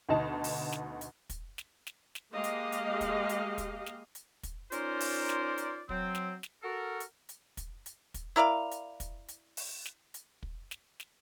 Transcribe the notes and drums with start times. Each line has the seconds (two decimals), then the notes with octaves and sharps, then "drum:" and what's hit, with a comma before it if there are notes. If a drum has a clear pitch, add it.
0.09 D2 B2 D#4 A5
0.44 drum: open hi-hat
0.72 drum: snare
1.01 drum: hi-hat
1.30 drum: kick, hi-hat
1.58 drum: snare
1.87 drum: snare
2.15 drum: snare
2.33 G#3 A#3 G4 D#5 F5
2.44 drum: hi-hat
2.72 drum: hi-hat
3.01 drum: kick, hi-hat
3.29 drum: hi-hat
3.58 drum: kick, hi-hat
3.86 drum: snare
4.15 drum: hi-hat
4.43 drum: kick, hi-hat
4.72 C#4 D#4 F4 A#4 C5 D5, drum: hi-hat
5.00 drum: open hi-hat
5.29 drum: snare
5.58 drum: hi-hat
5.89 F#3 C4, drum: kick
6.15 drum: snare
6.43 drum: snare
6.63 F#4 A4 A#4
7.00 drum: hi-hat
7.29 drum: hi-hat
7.57 drum: kick, hi-hat
7.86 drum: hi-hat
8.14 drum: kick, hi-hat
8.36 E4 A#4 D5 F5
8.71 drum: hi-hat
9.00 drum: kick, hi-hat
9.28 drum: hi-hat
9.57 drum: open hi-hat
9.86 drum: snare
10.14 drum: hi-hat
10.43 drum: kick
10.71 drum: snare
11.00 drum: snare